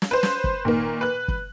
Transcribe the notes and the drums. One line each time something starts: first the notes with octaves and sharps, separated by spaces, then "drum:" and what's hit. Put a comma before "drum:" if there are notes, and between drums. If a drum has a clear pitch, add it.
drum: snare
B4 C5
drum: snare
drum: kick
A#2 D#3 A#3
B4 F#6
drum: kick